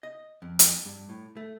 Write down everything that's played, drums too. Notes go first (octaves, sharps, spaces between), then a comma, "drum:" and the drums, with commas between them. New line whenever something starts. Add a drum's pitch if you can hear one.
D#5
F2
drum: hi-hat
G2
A2
A3